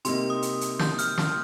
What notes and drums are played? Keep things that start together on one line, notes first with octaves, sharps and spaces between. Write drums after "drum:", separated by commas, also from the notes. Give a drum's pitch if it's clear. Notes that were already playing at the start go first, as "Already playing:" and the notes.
C3 G3 A#3 D#4 C6, drum: hi-hat
D#6
drum: hi-hat
drum: hi-hat
G6, drum: snare
F6, drum: hi-hat
drum: snare